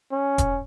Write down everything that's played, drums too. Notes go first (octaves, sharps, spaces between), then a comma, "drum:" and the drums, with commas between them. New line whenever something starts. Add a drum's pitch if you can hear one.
C#4
drum: kick E1, hi-hat